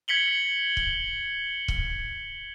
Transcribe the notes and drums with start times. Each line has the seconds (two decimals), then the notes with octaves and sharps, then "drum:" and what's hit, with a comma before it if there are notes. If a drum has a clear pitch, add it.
0.08 G#6 B6 C#7 F#7 G7
0.77 drum: kick
1.68 drum: kick